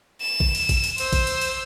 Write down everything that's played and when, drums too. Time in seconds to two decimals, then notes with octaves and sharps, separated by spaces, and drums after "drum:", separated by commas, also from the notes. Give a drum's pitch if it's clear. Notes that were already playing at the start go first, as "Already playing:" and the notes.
0.22 E7
0.40 drum: kick A1
0.55 drum: cymbal
0.69 drum: kick A1, cymbal
0.84 drum: cymbal
0.98 C5 E6, drum: cymbal
1.13 drum: kick A1, cymbal
1.27 drum: cymbal
1.41 drum: cymbal